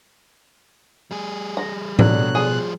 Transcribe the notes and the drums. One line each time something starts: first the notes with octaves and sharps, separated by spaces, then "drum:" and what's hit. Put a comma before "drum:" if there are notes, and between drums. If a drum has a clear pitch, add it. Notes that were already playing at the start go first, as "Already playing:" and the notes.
G3 G#4
A#5
B2 D3 F#3 D4 F#6, drum: tom A2
F3 G3 G#4